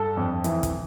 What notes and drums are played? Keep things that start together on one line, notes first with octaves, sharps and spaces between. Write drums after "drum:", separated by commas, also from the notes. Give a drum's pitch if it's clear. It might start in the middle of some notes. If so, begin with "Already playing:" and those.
Already playing: G2 A4
F2
E3, drum: hi-hat
drum: kick, hi-hat